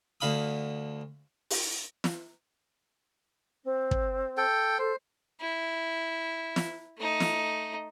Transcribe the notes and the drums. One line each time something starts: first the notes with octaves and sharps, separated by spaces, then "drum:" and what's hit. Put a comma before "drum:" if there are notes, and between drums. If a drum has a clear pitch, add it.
D2 D3 F5 B5 D#6
drum: open hi-hat
drum: snare
C4
drum: kick
A4 G5
A4 C5
E4
drum: snare
A3 D#4
drum: snare